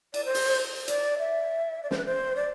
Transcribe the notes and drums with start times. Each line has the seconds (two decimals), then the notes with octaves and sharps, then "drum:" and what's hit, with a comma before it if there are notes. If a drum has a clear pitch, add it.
0.14 D5, drum: cymbal
0.25 C5
0.34 drum: open hi-hat
0.88 D5, drum: hi-hat
1.19 E5
1.83 D5
1.91 C5, drum: snare
1.98 B4
2.06 C5
2.36 D5